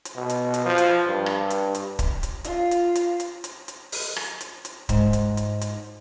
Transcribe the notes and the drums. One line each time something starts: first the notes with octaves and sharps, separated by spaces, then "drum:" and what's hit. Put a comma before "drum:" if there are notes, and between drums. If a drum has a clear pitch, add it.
drum: hi-hat
B2
drum: hi-hat
drum: hi-hat
F3
drum: hi-hat
G2
drum: rim click
drum: hi-hat
drum: hi-hat
drum: kick C#1, hi-hat
drum: hi-hat
F4, drum: hi-hat
drum: hi-hat
drum: hi-hat
drum: hi-hat
drum: hi-hat
drum: hi-hat
drum: open hi-hat
drum: rim click
drum: hi-hat
drum: hi-hat
G#2, drum: kick C#1, hi-hat
drum: hi-hat
drum: hi-hat
drum: hi-hat